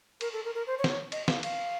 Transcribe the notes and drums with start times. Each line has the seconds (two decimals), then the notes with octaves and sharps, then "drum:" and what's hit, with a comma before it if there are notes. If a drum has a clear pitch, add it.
0.21 A#4, drum: cymbal
0.33 A4
0.45 A#4
0.55 A#4
0.67 C5
0.78 C#5
0.84 C5, drum: snare
0.89 C#5
1.12 D#5, drum: cymbal
1.28 F5, drum: snare
1.43 F5, drum: cymbal